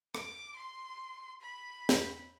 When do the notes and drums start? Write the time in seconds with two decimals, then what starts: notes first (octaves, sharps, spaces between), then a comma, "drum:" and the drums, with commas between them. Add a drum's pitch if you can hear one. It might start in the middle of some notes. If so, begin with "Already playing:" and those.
0.15 D6, drum: rim click
0.56 C6
1.41 B5
1.89 drum: snare